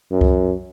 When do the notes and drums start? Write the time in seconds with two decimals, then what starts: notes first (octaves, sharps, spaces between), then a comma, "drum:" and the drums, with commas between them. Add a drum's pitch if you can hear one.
0.12 F#2
0.21 drum: kick C2